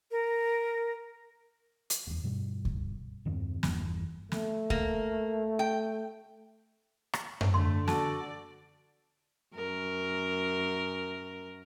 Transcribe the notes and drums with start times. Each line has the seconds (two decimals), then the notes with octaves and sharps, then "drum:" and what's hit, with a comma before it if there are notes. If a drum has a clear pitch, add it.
0.11 A#4
1.90 drum: hi-hat
2.07 D#1 E2
2.23 G2 B2 G3
2.65 drum: kick C#2
3.25 E2 G2 D#3 C4
3.63 F#1 E2 G2 E3, drum: snare
4.32 A3, drum: snare
4.70 A#3, drum: kick C#2
5.59 G5
7.13 drum: rim click
7.41 drum: tom F#2
7.54 D3 A3 C6
7.88 F#4 A4 D5 A5, drum: snare
9.55 F#2 A#4